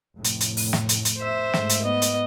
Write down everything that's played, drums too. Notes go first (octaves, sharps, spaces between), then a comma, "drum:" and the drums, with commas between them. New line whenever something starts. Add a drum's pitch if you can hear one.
F1 A2
drum: hi-hat
drum: hi-hat
drum: open hi-hat
drum: snare
drum: hi-hat
drum: hi-hat
C5 E5
G#2 A3, drum: snare
drum: hi-hat
B3 D#5
drum: hi-hat